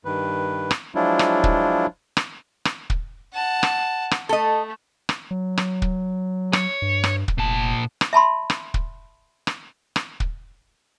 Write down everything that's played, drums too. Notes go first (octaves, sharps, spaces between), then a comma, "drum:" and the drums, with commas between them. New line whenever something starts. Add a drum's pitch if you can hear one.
G2 D#3 B4
drum: rim click
F3 F#3 G#3 D4 E4 F4
drum: rim click
drum: kick
drum: rim click
drum: rim click
drum: kick
F#5 A5
drum: rim click
drum: rim click
A3 A4 D#5
drum: rim click
F#3
drum: rim click
drum: kick
C#5, drum: rim click
G2
drum: rim click
drum: kick
F1 A#2 A5
drum: rim click
E5 A5 B5 C6
drum: rim click
drum: kick
drum: rim click
drum: rim click
drum: kick